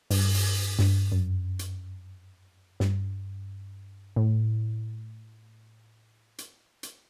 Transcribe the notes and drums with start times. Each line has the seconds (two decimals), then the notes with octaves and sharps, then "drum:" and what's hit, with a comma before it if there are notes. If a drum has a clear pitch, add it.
0.10 G2, drum: open hi-hat
0.34 drum: open hi-hat
0.79 G2, drum: snare
1.12 F#2
1.59 drum: hi-hat
2.80 G2, drum: snare
4.16 A2
6.38 drum: hi-hat
6.83 drum: hi-hat